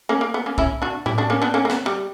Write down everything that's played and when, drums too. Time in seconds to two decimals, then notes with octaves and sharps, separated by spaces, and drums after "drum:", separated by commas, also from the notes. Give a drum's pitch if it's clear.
0.09 A#3 C#4
0.21 A#3
0.34 B3
0.46 A#3 C#4
0.58 C#4 E4, drum: kick
0.82 D4 F#4
1.06 E4 G4, drum: tom A2
1.18 D4 F#4
1.30 A#3 C#4
1.42 B3 D4
1.54 A#3 C#4
1.65 A#3
1.70 B3, drum: snare
1.86 G3